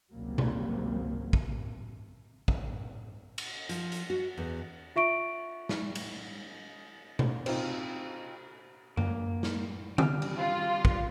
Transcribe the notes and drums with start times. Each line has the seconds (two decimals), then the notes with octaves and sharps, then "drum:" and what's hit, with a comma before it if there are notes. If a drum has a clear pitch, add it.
0.12 G#1 C#2 C3 F#3 G3 A#3
0.38 drum: tom B2
1.33 drum: kick
2.48 drum: kick
3.38 drum: cymbal
3.69 F3, drum: hi-hat
3.92 drum: hi-hat
4.10 F#4
4.38 E2
4.96 F4 E5 C#6 D7
5.69 drum: snare
5.95 drum: cymbal
7.19 drum: tom B2
7.46 C4 D#4 F4, drum: cymbal
8.97 A#3, drum: tom F#2
9.43 drum: snare
9.98 G3 F6, drum: tom D3
10.22 drum: cymbal
10.38 F4
10.85 drum: kick